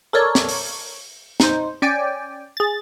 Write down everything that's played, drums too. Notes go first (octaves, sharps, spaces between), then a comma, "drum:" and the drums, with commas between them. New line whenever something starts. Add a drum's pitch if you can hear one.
A4 A#4 C#5 D5
drum: snare
drum: open hi-hat
D#4 C5, drum: snare
C#4 D5 G5 G#5
G#4 A6